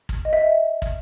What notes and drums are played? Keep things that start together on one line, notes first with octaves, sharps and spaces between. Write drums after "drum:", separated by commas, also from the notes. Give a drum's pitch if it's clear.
drum: kick
D#5
E5
drum: kick